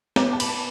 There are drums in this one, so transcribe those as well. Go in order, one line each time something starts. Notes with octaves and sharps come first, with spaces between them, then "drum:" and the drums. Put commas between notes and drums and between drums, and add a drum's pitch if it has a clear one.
B3 D6, drum: snare
A5
B5, drum: cymbal